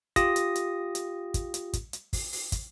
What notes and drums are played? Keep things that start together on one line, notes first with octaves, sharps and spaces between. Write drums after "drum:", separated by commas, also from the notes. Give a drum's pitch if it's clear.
F4 G4 D#6 A#6, drum: kick, hi-hat
drum: hi-hat
drum: hi-hat
drum: hi-hat
drum: kick, hi-hat
drum: hi-hat
drum: kick, hi-hat
drum: hi-hat
drum: kick, open hi-hat
drum: open hi-hat
drum: kick, hi-hat